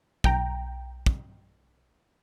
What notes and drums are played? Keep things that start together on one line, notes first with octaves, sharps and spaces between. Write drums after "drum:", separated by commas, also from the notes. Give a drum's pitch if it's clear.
B1 G5 A#5, drum: kick
drum: kick